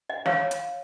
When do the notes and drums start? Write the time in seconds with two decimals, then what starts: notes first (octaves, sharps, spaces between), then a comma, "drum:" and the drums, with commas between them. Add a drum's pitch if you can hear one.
0.10 D#5 F#5
0.26 C#5 F5, drum: snare
0.51 drum: hi-hat